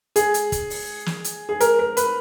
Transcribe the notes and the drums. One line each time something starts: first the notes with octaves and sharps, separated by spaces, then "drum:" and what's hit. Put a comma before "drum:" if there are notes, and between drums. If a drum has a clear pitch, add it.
G#4, drum: hi-hat
drum: hi-hat
drum: kick, hi-hat
drum: open hi-hat
drum: snare
drum: hi-hat
G#4
A#4, drum: hi-hat
A#4
B4, drum: hi-hat